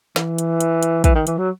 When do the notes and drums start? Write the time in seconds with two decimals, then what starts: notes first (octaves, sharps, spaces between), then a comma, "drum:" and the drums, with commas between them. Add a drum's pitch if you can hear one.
0.16 E3, drum: snare
0.38 drum: hi-hat
0.60 drum: hi-hat
0.83 drum: hi-hat
1.04 E3, drum: kick, hi-hat
1.15 D#3
1.27 E3, drum: hi-hat
1.38 F#3